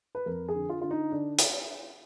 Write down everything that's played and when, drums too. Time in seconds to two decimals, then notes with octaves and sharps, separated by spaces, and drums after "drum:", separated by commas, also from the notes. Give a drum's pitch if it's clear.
0.15 B4
0.26 F2 A#4
0.48 G#4
0.55 D3
0.69 F4
0.81 D3 F4
0.91 D#4
1.12 D3 D4
1.39 drum: hi-hat